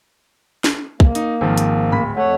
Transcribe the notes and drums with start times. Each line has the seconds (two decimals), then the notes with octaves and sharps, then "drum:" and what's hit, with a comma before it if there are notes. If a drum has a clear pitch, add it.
0.64 drum: snare
1.00 A#3, drum: kick
1.15 D#4, drum: hi-hat
1.41 G#1 D#3 F3
1.58 drum: hi-hat
1.92 D1 B5 B6
2.17 F2 A3 C#5 F#5